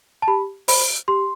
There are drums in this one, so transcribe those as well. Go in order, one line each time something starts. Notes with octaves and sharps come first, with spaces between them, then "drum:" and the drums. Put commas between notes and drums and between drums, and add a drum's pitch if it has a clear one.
A5
G4 B5
C5 B5, drum: open hi-hat
G4 C6